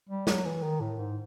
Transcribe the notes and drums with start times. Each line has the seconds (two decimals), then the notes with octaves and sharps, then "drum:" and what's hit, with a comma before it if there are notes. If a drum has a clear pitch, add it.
0.09 G3
0.27 F#3, drum: snare
0.45 E3
0.63 D#3
0.81 A2
0.99 G#2